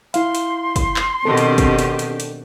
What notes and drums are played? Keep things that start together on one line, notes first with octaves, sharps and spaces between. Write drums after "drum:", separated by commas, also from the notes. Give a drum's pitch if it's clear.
E4 F5 C6, drum: hi-hat
drum: hi-hat
drum: kick, hi-hat
drum: clap
B2 D#3 C4 D4 G4 A4
drum: hi-hat
drum: kick, hi-hat
drum: hi-hat
drum: hi-hat
drum: hi-hat